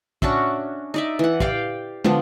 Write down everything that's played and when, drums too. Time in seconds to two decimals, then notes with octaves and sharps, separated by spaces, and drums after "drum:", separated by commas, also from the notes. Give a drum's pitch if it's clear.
0.22 C#4 D4 F#4 E5, drum: kick
0.94 D#4 D5 E5
1.19 E3 F#5
1.40 G4 D5 F5 G5, drum: kick
2.04 D3 F3 B3 D4, drum: tom